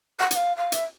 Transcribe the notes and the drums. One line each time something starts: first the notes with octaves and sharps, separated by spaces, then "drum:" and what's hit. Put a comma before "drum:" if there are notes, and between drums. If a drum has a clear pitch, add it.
F#5
F#5, drum: hi-hat
F5
F5
E5, drum: hi-hat